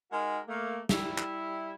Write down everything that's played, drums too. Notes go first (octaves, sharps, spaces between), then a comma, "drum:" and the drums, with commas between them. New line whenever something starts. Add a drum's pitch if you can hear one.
G#3 D#4 F#4 A#4
A3 A#3
G3 E4, drum: snare
drum: clap